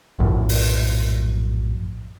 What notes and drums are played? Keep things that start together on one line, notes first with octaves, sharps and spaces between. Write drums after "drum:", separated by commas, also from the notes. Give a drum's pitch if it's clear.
A#1 F#2 A2 F3
drum: open hi-hat